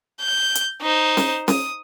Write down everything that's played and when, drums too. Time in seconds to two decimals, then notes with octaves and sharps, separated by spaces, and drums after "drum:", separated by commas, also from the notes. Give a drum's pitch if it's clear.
0.21 G6
0.55 drum: hi-hat
0.82 D#4 C5
1.17 drum: snare C#4
1.48 D#6, drum: snare C#4